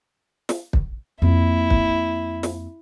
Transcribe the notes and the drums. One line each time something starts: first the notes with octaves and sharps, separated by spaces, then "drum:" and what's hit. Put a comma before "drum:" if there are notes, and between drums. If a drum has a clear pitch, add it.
drum: snare
drum: kick
F2 A#3 E4
drum: kick
drum: snare